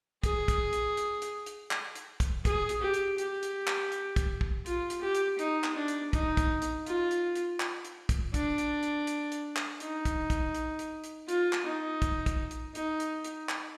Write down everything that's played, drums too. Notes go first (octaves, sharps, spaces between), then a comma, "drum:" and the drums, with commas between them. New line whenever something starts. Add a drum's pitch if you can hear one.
G#4, drum: kick, hi-hat
drum: kick, hi-hat
drum: hi-hat
drum: hi-hat
drum: hi-hat
drum: hi-hat
drum: clap
drum: hi-hat
drum: kick, hi-hat
G#4, drum: kick, hi-hat
drum: hi-hat
G4
drum: hi-hat
G4, drum: hi-hat
drum: hi-hat
drum: clap
drum: hi-hat
drum: kick, hi-hat
drum: kick
F4, drum: hi-hat
drum: hi-hat
G4
drum: hi-hat
D#4, drum: hi-hat
drum: clap
D4
drum: hi-hat
D#4, drum: kick, hi-hat
drum: kick, hi-hat
drum: hi-hat
F4, drum: hi-hat
drum: hi-hat
drum: hi-hat
drum: clap
drum: hi-hat
drum: kick, hi-hat
D4, drum: kick, hi-hat
drum: hi-hat
drum: hi-hat
drum: hi-hat
drum: hi-hat
drum: clap
D#4, drum: hi-hat
drum: kick, hi-hat
drum: kick, hi-hat
drum: hi-hat
drum: hi-hat
drum: hi-hat
F4, drum: hi-hat
drum: clap
D#4
drum: kick, hi-hat
drum: kick, hi-hat
drum: hi-hat
D#4, drum: hi-hat
drum: hi-hat
drum: hi-hat
drum: clap